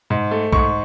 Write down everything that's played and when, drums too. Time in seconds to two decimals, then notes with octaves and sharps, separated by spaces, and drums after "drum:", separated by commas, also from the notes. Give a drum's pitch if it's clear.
0.10 G#2
0.31 A3
0.53 G#2 C#6, drum: kick B1